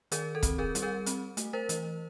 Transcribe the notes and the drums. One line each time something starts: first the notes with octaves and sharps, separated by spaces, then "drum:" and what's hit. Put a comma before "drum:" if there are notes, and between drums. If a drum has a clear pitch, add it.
D#3 G#4 A#4, drum: hi-hat
A4
C4, drum: kick, hi-hat
G#4 A#4
G3, drum: hi-hat
G#4 A#4
C4, drum: hi-hat
A3, drum: hi-hat
A#4 C5
E3, drum: hi-hat